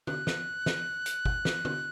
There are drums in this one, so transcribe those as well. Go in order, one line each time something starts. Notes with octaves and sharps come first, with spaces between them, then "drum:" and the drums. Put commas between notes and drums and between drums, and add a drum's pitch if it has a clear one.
F#6, drum: tom
drum: snare
drum: snare
drum: hi-hat
drum: kick G1
drum: snare
drum: tom